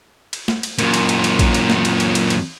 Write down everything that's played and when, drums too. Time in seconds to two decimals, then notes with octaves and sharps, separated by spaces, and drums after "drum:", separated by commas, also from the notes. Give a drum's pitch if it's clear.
0.33 drum: cymbal
0.48 drum: snare
0.63 drum: cymbal
0.78 F#2 A#2, drum: cymbal
0.94 drum: cymbal
1.09 drum: cymbal
1.24 drum: cymbal
1.39 drum: kick A#1, cymbal
1.54 drum: cymbal
1.70 drum: snare
1.85 drum: cymbal
2.00 drum: cymbal
2.15 drum: cymbal
2.30 drum: cymbal